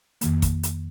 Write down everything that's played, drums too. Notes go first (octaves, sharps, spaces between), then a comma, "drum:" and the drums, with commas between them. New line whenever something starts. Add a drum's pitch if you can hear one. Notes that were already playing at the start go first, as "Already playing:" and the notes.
F2 D#3 A#3, drum: hi-hat
drum: kick, hi-hat
drum: hi-hat